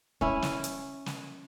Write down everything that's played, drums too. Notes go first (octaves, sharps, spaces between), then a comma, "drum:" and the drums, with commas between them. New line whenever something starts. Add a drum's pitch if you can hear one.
C#4 E4, drum: kick
drum: snare
drum: hi-hat
drum: snare